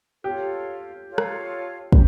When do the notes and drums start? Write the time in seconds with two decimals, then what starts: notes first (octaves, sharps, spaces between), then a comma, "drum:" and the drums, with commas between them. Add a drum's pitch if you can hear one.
0.24 F4 G4 A4 C#5
1.09 F4 A4 C#5
1.18 drum: rim click
1.92 G4, drum: kick